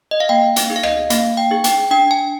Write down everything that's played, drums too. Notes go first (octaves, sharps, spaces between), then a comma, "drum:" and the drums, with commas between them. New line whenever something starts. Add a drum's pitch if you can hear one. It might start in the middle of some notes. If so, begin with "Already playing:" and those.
D#5
F5
A#3 G5
F5, drum: hi-hat
D#4 G#4
F5
D#5, drum: rim click
A#3 F5, drum: hi-hat
G5
D#4 G#4
G5, drum: hi-hat
D4 G5
G#5